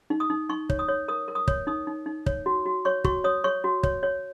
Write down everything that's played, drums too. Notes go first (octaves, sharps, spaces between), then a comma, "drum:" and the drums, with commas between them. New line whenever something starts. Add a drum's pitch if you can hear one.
D#4
D#6
D#4
D#4 C#6
C#5, drum: kick
D#6
C#5
A#4 D#6
A#4
D#6
C#5, drum: kick
D#4 D#6
D#4
D#4
C#5, drum: kick
F#4
F#4
C#5 C#6
F#4 C#6, drum: kick
C#5 D#6
C#5 C#6
F#4
C#5, drum: kick
C#5